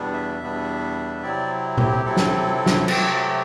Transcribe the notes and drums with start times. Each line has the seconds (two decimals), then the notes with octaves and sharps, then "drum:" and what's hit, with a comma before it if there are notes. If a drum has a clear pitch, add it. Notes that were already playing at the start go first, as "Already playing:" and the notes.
Already playing: E2 B2 G3 B3 D4
0.13 E5
0.40 E2 B2 G3 B3 D4
1.22 C3 F#3 C4 E4 D5
1.78 G4, drum: tom A#2
2.05 C3 F#3 C4 E4 A4
2.17 drum: snare
2.66 drum: snare
2.88 C3 F#3 A3 C4 G4, drum: cymbal